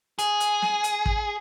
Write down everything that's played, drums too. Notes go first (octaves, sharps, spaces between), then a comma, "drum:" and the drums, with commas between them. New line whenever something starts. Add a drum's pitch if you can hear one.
G#4, drum: hi-hat
drum: hi-hat
drum: snare
drum: hi-hat
drum: kick